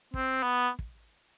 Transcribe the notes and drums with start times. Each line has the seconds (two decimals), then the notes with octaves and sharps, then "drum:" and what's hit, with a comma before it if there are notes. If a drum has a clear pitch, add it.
0.14 C4, drum: kick
0.43 B3
0.79 drum: kick